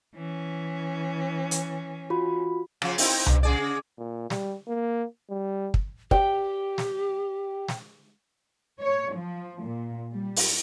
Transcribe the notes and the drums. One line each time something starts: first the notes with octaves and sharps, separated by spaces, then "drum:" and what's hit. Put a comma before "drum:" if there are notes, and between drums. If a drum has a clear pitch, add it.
E3 C#4
drum: hi-hat
F4 F#4 B5
C#3 F3 F4, drum: rim click
C4 D#4 E4, drum: open hi-hat
G2, drum: tom C2
C#3 G#4 D5
A#2
G3, drum: snare
A#3
G3
drum: kick
G4 G5, drum: kick
drum: snare
drum: snare
C#5
F3
A#2
G3
drum: open hi-hat